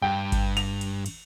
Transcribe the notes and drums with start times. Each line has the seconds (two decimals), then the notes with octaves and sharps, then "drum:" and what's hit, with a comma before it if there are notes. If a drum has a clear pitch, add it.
0.02 G2 G5
0.32 drum: kick G#1, cymbal
0.57 F7, drum: cymbal
0.81 drum: cymbal
1.06 drum: cymbal